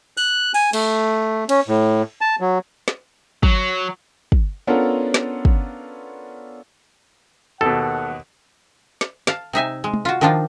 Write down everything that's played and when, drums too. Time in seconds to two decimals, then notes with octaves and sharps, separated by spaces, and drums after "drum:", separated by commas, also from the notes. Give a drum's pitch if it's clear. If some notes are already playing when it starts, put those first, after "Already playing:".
0.17 F#6, drum: open hi-hat
0.54 G#5, drum: open hi-hat
0.73 A3, drum: cymbal
1.49 C#4, drum: cymbal
1.68 A2
2.21 A5
2.40 F#3
2.88 drum: snare
3.43 F#3, drum: kick
4.32 drum: kick
4.67 B3 C#4 D4 F4 A4 A#4
5.14 drum: snare
5.45 drum: kick
7.61 D#2 B2 A4 F#5
9.01 drum: snare
9.27 F5 A5, drum: snare
9.53 C3 D#4 E5 G#5
9.84 G#3
9.94 drum: tom
10.05 F4 F#4
10.21 D#3 F3 D4 D#4 F4